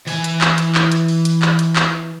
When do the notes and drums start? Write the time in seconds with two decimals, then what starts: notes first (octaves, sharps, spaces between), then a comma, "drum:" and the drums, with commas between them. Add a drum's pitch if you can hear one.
0.07 E3 G#5, drum: open hi-hat
0.24 drum: hi-hat
0.41 drum: clap
0.58 drum: hi-hat
0.75 drum: clap
0.92 drum: hi-hat
1.08 drum: open hi-hat
1.25 drum: hi-hat
1.42 drum: clap
1.59 drum: hi-hat
1.76 drum: clap